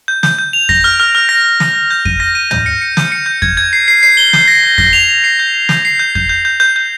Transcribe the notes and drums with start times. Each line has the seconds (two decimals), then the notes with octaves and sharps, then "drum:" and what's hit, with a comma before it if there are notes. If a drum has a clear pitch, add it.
0.08 G6
0.23 G6, drum: snare
0.39 G6
0.53 F7
0.69 A#6, drum: kick F2
0.84 F6
1.00 F6
1.15 F6
1.29 A#6
1.44 A#6
1.60 A#6, drum: snare
1.75 A#6
1.90 G6
2.05 D#7, drum: kick F2
2.20 A#6
2.35 D#7
2.51 G6, drum: tom
2.66 C#7
2.82 C#7
2.97 G6, drum: snare
3.12 C#7
3.26 G6
3.42 G#6, drum: kick F2
3.57 G#6
3.73 C7
3.88 C7
4.03 C7
4.17 G7
4.33 G6, drum: snare
4.48 A#6
4.64 A#6
4.78 A#6, drum: kick F2
4.93 F7
5.09 F7
5.24 C7
5.39 G6
5.54 G6
5.69 G6, drum: snare
5.85 C7
6.00 G6
6.15 G6, drum: kick F2
6.29 G6
6.45 G6
6.60 G6
6.76 G6